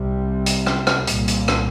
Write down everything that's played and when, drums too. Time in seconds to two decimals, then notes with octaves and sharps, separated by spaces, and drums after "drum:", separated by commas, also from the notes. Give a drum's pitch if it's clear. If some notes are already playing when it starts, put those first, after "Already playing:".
Already playing: C2 C3 G3
0.46 drum: hi-hat
0.66 drum: rim click
0.87 drum: rim click
1.07 C2 A#2 G3 A#3, drum: hi-hat
1.28 drum: hi-hat
1.48 drum: rim click